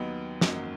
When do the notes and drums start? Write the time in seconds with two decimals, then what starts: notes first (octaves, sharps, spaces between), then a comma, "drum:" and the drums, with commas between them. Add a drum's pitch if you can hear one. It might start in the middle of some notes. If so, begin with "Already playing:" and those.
Already playing: D#2 D#3 F#3 B3 D#4
0.41 G#1 F#2 D#3 F#3 A#3, drum: snare